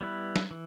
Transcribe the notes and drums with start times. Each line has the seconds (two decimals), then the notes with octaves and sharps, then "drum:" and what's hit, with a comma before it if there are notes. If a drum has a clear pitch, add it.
0.01 G3 B3 E4 B4
0.36 drum: snare
0.51 E3